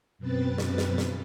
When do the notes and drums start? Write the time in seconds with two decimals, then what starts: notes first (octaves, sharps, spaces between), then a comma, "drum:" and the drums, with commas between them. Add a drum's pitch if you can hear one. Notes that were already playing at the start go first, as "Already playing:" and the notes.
0.19 F#2 B2 C4 B4 A6
0.58 drum: snare
0.78 drum: snare
0.98 drum: snare